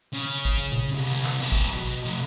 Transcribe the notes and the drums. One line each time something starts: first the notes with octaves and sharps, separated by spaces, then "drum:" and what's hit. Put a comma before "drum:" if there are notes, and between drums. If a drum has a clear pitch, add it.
C#3
drum: kick
drum: hi-hat
drum: tom A#2
C2
drum: tom D3
drum: clap
E2 A5, drum: hi-hat
drum: kick
B2
drum: hi-hat
C3 F3